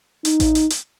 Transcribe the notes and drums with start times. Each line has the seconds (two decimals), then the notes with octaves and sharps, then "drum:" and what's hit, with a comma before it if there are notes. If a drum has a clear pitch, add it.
0.25 D#4, drum: hi-hat
0.40 drum: kick A1, hi-hat
0.55 drum: hi-hat
0.70 drum: hi-hat